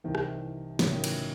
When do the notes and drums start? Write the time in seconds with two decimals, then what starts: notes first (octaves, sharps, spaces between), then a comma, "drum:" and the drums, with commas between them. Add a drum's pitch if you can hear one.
0.04 C2 C3 D#3 E3
0.15 drum: rim click
0.79 A2 C#3 F#3 C#4 E4, drum: snare
0.92 D#3
1.04 E3, drum: cymbal